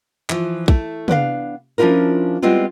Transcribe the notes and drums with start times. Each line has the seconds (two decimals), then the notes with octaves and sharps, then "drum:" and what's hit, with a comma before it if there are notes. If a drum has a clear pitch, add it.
0.30 E3 F3, drum: clap
0.68 A3 E4, drum: kick
1.08 B3 D4 C5 F5, drum: tom
1.78 F3 C#4 D4 E4 F4 A#4
2.42 G3 G#3 B3 C4 E4 F4